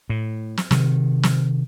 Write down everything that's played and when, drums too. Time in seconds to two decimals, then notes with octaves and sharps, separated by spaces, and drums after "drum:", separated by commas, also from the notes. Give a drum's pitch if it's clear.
0.09 A2
0.57 drum: snare
0.71 C3 D#3, drum: snare
1.23 drum: snare